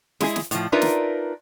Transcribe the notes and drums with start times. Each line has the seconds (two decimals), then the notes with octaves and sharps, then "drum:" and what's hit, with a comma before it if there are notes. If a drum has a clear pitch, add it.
0.20 G#3 E4 G4 G#4, drum: snare
0.36 drum: snare
0.51 A2 F3, drum: hi-hat
0.72 D4 D#4 F4 A#4 B4 E5
0.82 drum: snare